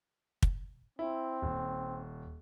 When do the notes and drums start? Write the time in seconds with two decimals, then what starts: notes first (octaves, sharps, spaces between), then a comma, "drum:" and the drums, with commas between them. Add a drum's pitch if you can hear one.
0.43 drum: kick
0.99 C4 E4
1.42 D#1